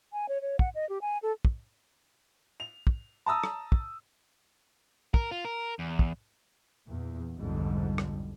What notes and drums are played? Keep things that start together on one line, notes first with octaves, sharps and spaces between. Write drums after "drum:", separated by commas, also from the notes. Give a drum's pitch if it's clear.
G#5
C#5
C#5
F#5, drum: kick
D#5
G4
G#5
A4
drum: kick
F7
drum: kick
A5 A#5 D#6 E6
drum: rim click
drum: kick
A#4, drum: kick
F4
A#4
E2
drum: kick
E2 A#2
B1 F2 G#2 D3 G3
drum: rim click